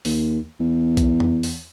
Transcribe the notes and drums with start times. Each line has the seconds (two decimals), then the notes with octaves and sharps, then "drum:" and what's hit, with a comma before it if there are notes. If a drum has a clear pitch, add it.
0.05 D#2, drum: open hi-hat
0.60 E2
0.97 drum: kick, hi-hat
1.20 drum: tom F2
1.43 drum: open hi-hat